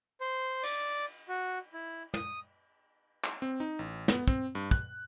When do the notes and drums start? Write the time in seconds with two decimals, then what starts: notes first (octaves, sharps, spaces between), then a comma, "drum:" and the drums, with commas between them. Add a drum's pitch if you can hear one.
0.21 C5
0.63 D5, drum: cymbal
1.29 F#4
1.73 E4
2.14 D#6, drum: tom
3.24 drum: clap
3.42 C4
3.60 D#4
3.79 A1
4.08 B3, drum: snare
4.28 C4, drum: kick
4.55 G2
4.71 F#6, drum: kick